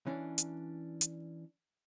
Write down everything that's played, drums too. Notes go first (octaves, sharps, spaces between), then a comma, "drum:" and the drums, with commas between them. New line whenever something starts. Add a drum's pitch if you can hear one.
E3 C#4 D4
drum: hi-hat
drum: hi-hat